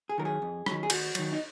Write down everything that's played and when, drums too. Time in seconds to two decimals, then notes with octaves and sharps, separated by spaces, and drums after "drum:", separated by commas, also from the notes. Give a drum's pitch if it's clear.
0.09 G#4
0.18 D#3 F#3 A#4
0.25 G#4
0.42 F2
0.66 D#3 F#3, drum: rim click
0.83 G#4
0.90 D#2 F#4, drum: cymbal
1.15 D#3 F#3, drum: cymbal
1.33 D#4